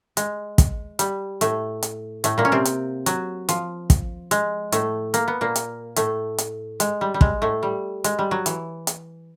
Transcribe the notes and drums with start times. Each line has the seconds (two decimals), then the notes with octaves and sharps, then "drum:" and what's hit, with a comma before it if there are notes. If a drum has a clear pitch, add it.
0.17 G#3, drum: hi-hat
0.58 drum: kick, hi-hat
0.99 G3, drum: hi-hat
1.41 A2 A3, drum: hi-hat
1.83 drum: hi-hat
2.24 A2 A3, drum: hi-hat
2.38 A#2 A#3
2.45 C#4
2.52 C3 C4
2.65 drum: hi-hat
3.06 F#3, drum: hi-hat
3.49 F3, drum: hi-hat
3.90 drum: kick, hi-hat
4.31 G#3, drum: hi-hat
4.72 A2 A3, drum: hi-hat
5.14 A#3, drum: hi-hat
5.28 B3
5.41 A#2 A#3
5.56 drum: hi-hat
5.96 A2 A3, drum: hi-hat
6.38 drum: hi-hat
6.80 G#3, drum: hi-hat
7.01 G3
7.14 G3
7.21 G#3, drum: kick
7.42 A2 A3
7.63 G3
8.04 G#3, drum: hi-hat
8.19 G3
8.31 F#3
8.46 E3, drum: hi-hat
8.87 drum: hi-hat